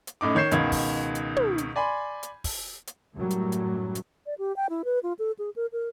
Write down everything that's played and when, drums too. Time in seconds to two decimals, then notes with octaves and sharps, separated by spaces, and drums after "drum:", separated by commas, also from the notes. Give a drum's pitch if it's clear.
0.07 drum: hi-hat
0.21 F#2 A2 D#4 D6
0.35 D#3 C#5 G6 C7 E7
0.51 C#2 B2 D#3 G#6, drum: hi-hat
0.72 drum: kick, open hi-hat
1.15 drum: hi-hat
1.36 drum: tom
1.58 drum: hi-hat
1.76 D5 G#5 B5 C6
2.23 drum: hi-hat
2.44 drum: kick, open hi-hat
2.87 drum: hi-hat
3.17 F#2 A2 F#3 G3 A3
3.30 drum: hi-hat
3.52 drum: hi-hat
3.95 drum: hi-hat
4.26 D5
4.38 G4
4.56 G5
4.70 E4
4.85 B4
5.03 F4
5.19 A4
5.39 G#4
5.56 A#4
5.73 A#4